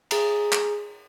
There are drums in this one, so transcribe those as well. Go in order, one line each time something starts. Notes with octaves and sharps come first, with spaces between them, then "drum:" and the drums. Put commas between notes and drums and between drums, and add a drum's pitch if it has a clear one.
G#4 A#5, drum: cymbal
drum: clap